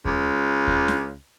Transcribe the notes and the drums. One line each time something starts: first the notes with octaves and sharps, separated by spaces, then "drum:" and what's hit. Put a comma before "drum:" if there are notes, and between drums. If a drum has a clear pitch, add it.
C#2, drum: kick D#2
drum: kick D#2
drum: snare